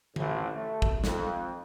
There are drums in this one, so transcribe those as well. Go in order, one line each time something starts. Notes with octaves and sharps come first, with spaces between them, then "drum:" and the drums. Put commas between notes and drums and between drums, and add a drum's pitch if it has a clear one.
A1 F2 A2, drum: tom D3
A3
drum: kick
F2, drum: snare